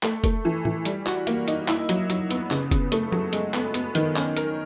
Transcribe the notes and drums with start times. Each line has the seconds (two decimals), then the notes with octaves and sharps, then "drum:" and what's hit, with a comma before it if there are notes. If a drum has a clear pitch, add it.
0.03 A3, drum: clap
0.24 A3, drum: kick F1, hi-hat
0.45 E3
0.65 E3, drum: tom
0.85 G3, drum: hi-hat
1.06 F#4, drum: clap
1.27 A#3, drum: hi-hat
1.48 D#4, drum: hi-hat
1.68 E4, drum: clap
1.89 F#3, drum: hi-hat
2.10 F#3, drum: hi-hat
2.30 B3, drum: hi-hat
2.51 C#3, drum: clap
2.71 C#3, drum: kick F1, hi-hat
2.92 A3, drum: hi-hat
3.12 F#3, drum: tom
3.33 G#3, drum: hi-hat
3.54 B3, drum: clap
3.74 B3, drum: hi-hat
3.95 D#3, drum: hi-hat
4.16 C#4, drum: clap
4.36 A#4, drum: hi-hat